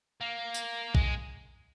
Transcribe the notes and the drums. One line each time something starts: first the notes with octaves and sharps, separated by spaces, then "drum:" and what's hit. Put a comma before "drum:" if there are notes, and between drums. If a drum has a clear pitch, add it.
A#3
drum: tambourine
G#3, drum: kick